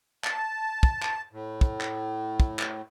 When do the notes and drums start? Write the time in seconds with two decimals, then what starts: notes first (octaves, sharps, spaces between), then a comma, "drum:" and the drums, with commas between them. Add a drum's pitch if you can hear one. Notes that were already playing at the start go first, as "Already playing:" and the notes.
0.24 A5, drum: clap
0.83 drum: kick
1.03 drum: clap
1.32 A2
1.61 drum: kick
1.81 drum: clap
2.40 drum: kick
2.59 drum: clap